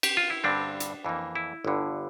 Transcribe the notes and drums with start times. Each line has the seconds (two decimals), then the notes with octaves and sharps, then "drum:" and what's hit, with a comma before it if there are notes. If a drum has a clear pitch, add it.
0.03 G4, drum: cymbal
0.17 F4
0.30 E4
0.44 G2 D3 G3 C4 D4
0.80 drum: hi-hat
1.05 F2 E3 A#3
1.35 E4
1.65 G1 G2 D3